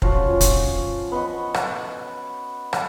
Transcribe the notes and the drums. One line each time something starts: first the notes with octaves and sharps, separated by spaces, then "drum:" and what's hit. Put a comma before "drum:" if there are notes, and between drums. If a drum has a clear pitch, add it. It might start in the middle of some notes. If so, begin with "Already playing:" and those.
F3 C#4 F4 F#4, drum: kick
drum: kick, hi-hat
B3 D#5 F#5 C#6
F#5, drum: rim click
drum: rim click